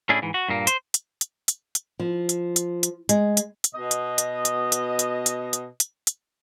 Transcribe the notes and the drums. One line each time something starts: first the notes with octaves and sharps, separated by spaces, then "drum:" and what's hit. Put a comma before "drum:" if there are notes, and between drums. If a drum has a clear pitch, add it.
A2 C#4 D4 E4 G#4
G#2 E3
F#4
G2 A#2 A#3
C5, drum: hi-hat
drum: hi-hat
drum: hi-hat
drum: hi-hat
drum: hi-hat
F3
drum: hi-hat
drum: hi-hat
drum: hi-hat
G#3, drum: hi-hat
drum: hi-hat
drum: hi-hat
B2 D#5
drum: hi-hat
drum: hi-hat
drum: hi-hat
drum: hi-hat
drum: hi-hat
drum: hi-hat
drum: hi-hat
drum: hi-hat
drum: hi-hat